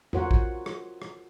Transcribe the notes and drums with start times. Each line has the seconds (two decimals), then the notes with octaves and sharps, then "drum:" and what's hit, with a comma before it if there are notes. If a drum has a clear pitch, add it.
0.13 F4 F#4 A#4 C5 C#5 F#5, drum: tom E2
0.31 drum: kick
0.66 drum: rim click
1.02 drum: rim click